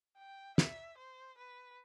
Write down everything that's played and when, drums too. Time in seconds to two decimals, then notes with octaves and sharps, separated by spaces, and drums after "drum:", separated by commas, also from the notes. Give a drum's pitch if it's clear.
0.18 G5
0.58 E5, drum: snare
0.98 C5
1.38 B4